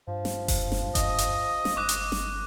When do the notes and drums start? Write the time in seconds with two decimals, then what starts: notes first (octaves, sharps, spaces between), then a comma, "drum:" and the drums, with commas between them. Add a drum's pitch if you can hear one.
0.07 G2 F3
0.25 drum: snare
0.48 drum: kick F#1, open hi-hat
0.72 drum: snare
0.95 D#5, drum: kick F#1, hi-hat
1.18 drum: hi-hat
1.65 drum: snare
1.76 G1 C#6 D6 F#6
1.89 drum: hi-hat
2.12 drum: snare